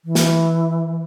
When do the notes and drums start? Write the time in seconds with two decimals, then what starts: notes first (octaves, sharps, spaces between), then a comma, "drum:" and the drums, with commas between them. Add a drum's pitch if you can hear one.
0.05 E3
0.15 drum: snare